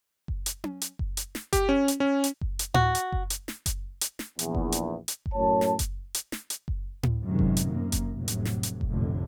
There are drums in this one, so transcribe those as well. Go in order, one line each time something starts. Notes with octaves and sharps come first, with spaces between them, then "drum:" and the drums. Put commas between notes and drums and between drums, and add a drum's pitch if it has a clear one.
drum: kick F#1
drum: hi-hat
drum: tom C#4
drum: hi-hat
drum: kick F#1
drum: hi-hat
drum: snare
G4, drum: kick F#1, hi-hat
C#4
drum: hi-hat
C#4
drum: hi-hat
drum: kick F#1
drum: hi-hat
F#4, drum: tom A2
drum: hi-hat
drum: kick F#1
drum: hi-hat
drum: snare
drum: kick F#1, hi-hat
drum: hi-hat
drum: snare
A#1 E2, drum: hi-hat
drum: kick F#1
drum: hi-hat
drum: hi-hat
drum: kick F#1
F#2 A2 C#5 A5
drum: snare
drum: kick F#1, hi-hat
drum: hi-hat
drum: snare
drum: hi-hat
drum: kick F#1
drum: tom A2
F#2 A2 C3 D#3 F#3 G#3
drum: kick F#1
drum: hi-hat
F#2 A#3
drum: kick F#1, hi-hat
F1 A2 C3 F#3
drum: hi-hat
drum: snare
drum: hi-hat
drum: kick F#1
F1 A#1 F2 A2 D3